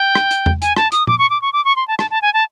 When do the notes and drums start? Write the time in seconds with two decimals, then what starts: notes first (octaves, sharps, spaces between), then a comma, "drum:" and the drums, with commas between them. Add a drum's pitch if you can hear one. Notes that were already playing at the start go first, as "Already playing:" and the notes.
Already playing: G5
0.15 drum: rim click
0.31 drum: hi-hat
0.46 drum: tom E2
0.62 G#5, drum: hi-hat
0.76 A5, drum: rim click
0.92 D#6, drum: hi-hat
1.07 D6, drum: tom A#2
1.19 C#6
1.30 D6
1.42 C#6
1.53 D6
1.65 C#6
1.76 C6
1.88 A5
1.99 A5, drum: rim click
2.11 A5
2.22 G#5
2.34 A5